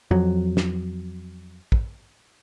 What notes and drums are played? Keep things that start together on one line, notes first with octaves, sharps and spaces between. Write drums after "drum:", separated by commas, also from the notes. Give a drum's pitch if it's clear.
F2 F#3
drum: snare
drum: kick